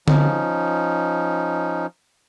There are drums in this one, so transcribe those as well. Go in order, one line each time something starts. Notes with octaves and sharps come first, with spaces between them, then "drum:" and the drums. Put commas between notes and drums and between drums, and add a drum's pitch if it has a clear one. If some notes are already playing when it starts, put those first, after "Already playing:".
F3 C#4 D#4, drum: tom D3